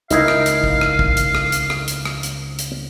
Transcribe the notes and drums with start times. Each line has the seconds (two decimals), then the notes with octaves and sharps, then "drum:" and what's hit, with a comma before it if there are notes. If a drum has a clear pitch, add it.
0.11 C#2 C3 D#4 E4 A#4 F5, drum: hi-hat
0.28 drum: rim click
0.46 drum: hi-hat
0.64 drum: kick
0.81 drum: rim click
0.99 drum: kick
1.17 drum: hi-hat
1.35 drum: rim click
1.52 drum: hi-hat
1.70 drum: rim click
1.88 drum: hi-hat
2.05 drum: rim click
2.23 drum: hi-hat
2.59 drum: hi-hat